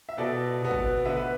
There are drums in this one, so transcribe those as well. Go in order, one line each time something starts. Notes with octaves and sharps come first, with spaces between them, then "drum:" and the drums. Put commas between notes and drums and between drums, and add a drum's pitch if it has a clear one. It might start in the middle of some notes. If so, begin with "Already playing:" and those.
E5
B2 B3 A4 D5
B2 B3
drum: kick G#1
D3 B3 B4 E5
B4